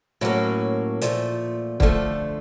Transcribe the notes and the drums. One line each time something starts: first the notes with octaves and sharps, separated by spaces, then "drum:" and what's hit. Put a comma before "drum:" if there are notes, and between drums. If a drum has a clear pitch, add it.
A2 F#3 A#3 C#4
A#2 F3 A3, drum: hi-hat
D3 F3 A3, drum: kick